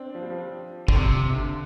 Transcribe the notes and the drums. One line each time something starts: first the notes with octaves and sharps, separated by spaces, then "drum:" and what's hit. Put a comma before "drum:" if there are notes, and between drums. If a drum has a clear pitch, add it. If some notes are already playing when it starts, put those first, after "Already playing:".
Already playing: C4 D4
F3
G3
F3
D3, drum: kick
C3
C3
D3